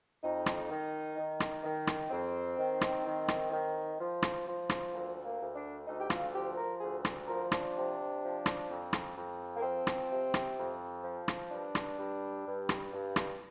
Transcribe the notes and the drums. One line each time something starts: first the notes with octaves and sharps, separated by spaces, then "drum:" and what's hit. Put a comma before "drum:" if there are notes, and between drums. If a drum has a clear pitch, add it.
F2 D#4
drum: rim click
D#3
D#3
drum: rim click
D#3
drum: rim click
F2 C4
D#3
drum: rim click
D#3
drum: rim click
D#3
F3
drum: rim click
F3
drum: rim click
D2 A#3
A#3
D2
D4
D2 D#4
G4
F4, drum: rim click
F3 G4
A#4
D2 G#4
drum: rim click
F3 A#4
D4, drum: rim click
C3
F3
drum: rim click
F2
drum: rim click
F2
A#3
F3 C4
drum: rim click
C3
drum: rim click
F2
F3
drum: rim click
G2 D4
drum: rim click
G2
G2
drum: rim click
G2
drum: rim click